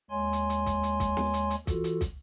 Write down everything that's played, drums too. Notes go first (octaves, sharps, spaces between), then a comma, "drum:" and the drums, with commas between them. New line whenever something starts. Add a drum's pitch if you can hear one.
D#2 G#3 C#5 G#5 C6
drum: hi-hat
drum: hi-hat
drum: kick, hi-hat
drum: hi-hat
drum: kick, hi-hat
drum: snare
drum: hi-hat
drum: hi-hat
E3 F4 F#4 A4, drum: kick, hi-hat
drum: hi-hat
drum: kick, hi-hat